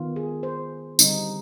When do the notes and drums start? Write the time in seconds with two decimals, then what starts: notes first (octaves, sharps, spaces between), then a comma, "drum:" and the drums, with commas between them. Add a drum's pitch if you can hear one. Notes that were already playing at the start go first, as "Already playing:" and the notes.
Already playing: D#3 B3 F4
0.16 G#4
0.43 C5
0.99 D3 G3 C4 D#4, drum: tambourine